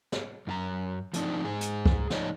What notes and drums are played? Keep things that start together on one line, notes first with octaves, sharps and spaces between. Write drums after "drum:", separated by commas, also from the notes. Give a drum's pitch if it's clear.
drum: snare
F#2 F4 A#5
F3 A3 C4 D4 D#4, drum: hi-hat
G#2 G#4
drum: hi-hat
drum: kick C2
F3 A3 D#4 C#5 D5, drum: snare